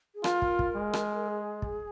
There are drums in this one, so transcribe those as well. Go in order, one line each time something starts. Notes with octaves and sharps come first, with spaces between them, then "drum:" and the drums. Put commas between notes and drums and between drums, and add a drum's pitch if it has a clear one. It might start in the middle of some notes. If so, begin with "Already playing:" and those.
G#4
F4 A#4, drum: rim click
drum: kick
drum: kick
G#3
drum: rim click
G#4
drum: kick